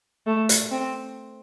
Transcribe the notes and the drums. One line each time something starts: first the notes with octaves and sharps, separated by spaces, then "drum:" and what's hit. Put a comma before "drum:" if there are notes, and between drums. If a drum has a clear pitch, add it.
A3
drum: hi-hat
C4